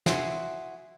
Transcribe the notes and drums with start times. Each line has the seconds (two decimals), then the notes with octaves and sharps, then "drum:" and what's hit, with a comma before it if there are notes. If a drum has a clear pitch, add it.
0.06 E4 F#4 G#4 C5, drum: snare